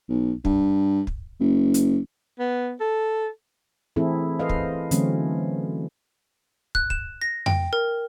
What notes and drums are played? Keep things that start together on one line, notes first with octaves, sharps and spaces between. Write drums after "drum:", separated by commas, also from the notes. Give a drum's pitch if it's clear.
B1
G2, drum: kick
drum: kick
F#1
drum: hi-hat
B3
A4
E3 A3 C4 E4 G#4 A4
A4 B4 C5 D#5 F5
drum: kick
D3 E3 F#3 A3 C4 C#4, drum: hi-hat
F#6, drum: kick
E7, drum: kick
A#6
G5, drum: tom F2
A#4